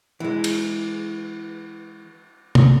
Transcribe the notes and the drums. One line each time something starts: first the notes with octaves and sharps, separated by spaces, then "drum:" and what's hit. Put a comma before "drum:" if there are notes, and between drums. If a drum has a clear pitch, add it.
E3 G#3
drum: cymbal
drum: tom